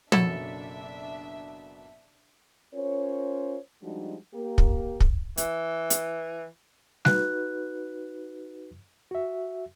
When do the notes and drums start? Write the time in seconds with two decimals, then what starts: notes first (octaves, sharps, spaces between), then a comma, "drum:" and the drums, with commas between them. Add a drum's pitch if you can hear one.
0.12 F#1 B2 F#3 D4 E4 A4 E5, drum: tom
2.74 C#4 F4 A#4 C5 C#5
3.82 F3 G3 G#3 D4 D#4 F#4
4.34 A#3 G4 A#4
4.58 drum: kick
5.00 drum: kick
5.37 E3, drum: hi-hat
5.90 drum: hi-hat
7.05 D#4 F#4 B4 F#6, drum: snare G3
9.11 F#4 E5